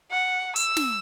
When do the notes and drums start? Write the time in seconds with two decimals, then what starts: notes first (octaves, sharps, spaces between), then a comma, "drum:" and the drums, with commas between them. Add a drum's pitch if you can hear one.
0.11 F#5
0.56 E6, drum: hi-hat
0.77 drum: snare